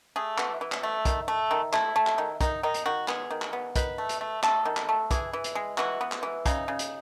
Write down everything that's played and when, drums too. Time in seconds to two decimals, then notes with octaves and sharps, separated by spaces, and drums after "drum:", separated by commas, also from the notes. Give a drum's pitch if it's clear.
0.16 A3 G#4
0.38 E3 F#4, drum: clap
0.61 E3
0.72 drum: clap
0.83 A3
1.05 D#3, drum: kick, hi-hat
1.28 A3
1.51 D#3
1.73 A3 E4, drum: clap
1.96 A3
2.07 drum: clap
2.18 D#3
2.41 D#3 D#4, drum: kick, hi-hat
2.63 D#3 D#4
2.74 drum: hi-hat
2.86 D#3 F#4
3.08 B3 G#4, drum: clap
3.31 D#3
3.42 drum: clap
3.53 B3
3.76 D#3 B4, drum: kick, hi-hat
3.98 A3
4.09 drum: hi-hat
4.21 A3
4.43 A3 A4, drum: clap
4.65 D#3
4.77 drum: clap
4.89 A3
5.11 E3 G#4, drum: kick, hi-hat
5.33 E3
5.44 drum: hi-hat
5.55 G#3
5.78 E3 F#4, drum: clap
6.01 B3
6.12 drum: clap
6.23 E3
6.46 C#3 D#4, drum: kick, hi-hat
6.68 C#3
6.79 drum: hi-hat